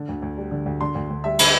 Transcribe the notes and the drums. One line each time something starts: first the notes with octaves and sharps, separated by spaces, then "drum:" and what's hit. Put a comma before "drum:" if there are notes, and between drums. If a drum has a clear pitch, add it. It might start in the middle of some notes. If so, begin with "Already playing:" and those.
Already playing: D3
D2
D2
G3
D3
D2
D3 C6
D2
D2
G3 E5
D3, drum: cymbal